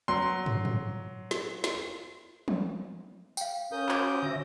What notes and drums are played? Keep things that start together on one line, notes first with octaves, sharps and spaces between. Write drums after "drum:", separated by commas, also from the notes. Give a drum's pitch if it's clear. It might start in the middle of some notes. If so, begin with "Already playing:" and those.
F#3 C6
drum: tom
drum: tom G#2
drum: snare
drum: snare
drum: tom E3
F5 G5, drum: tambourine
C#4 A#4 D#6 G6
F#4 C5 D6, drum: clap
D3 E5 A#6